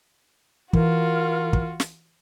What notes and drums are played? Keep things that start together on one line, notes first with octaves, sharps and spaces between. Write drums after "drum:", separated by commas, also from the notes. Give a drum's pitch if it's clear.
E3 F4 F#4 A#4, drum: kick
drum: kick
drum: snare